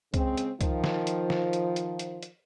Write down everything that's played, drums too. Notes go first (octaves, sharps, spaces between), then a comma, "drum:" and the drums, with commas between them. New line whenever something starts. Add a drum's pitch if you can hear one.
C#3 G#3 C4, drum: kick C2, hi-hat
drum: hi-hat
D#3 F3, drum: kick C2, hi-hat
drum: snare
drum: hi-hat
drum: snare
drum: hi-hat
drum: hi-hat
drum: hi-hat
drum: hi-hat